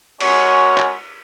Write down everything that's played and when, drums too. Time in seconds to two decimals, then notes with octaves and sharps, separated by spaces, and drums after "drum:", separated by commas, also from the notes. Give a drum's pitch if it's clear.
0.21 G#3 C#4 F#4 A#4 C#5, drum: cymbal
0.78 drum: clap